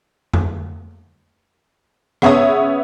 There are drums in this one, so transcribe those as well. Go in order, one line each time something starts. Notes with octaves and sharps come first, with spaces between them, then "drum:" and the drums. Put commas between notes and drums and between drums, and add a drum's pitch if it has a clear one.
drum: tom F2
C#3 B3 C#5 E5 D#6, drum: rim click